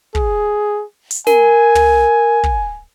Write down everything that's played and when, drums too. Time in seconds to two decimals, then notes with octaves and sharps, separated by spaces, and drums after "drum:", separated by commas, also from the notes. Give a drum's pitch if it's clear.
0.15 G#4, drum: kick
1.11 drum: hi-hat
1.27 A#4 G#5, drum: snare
1.75 drum: tom
2.43 drum: kick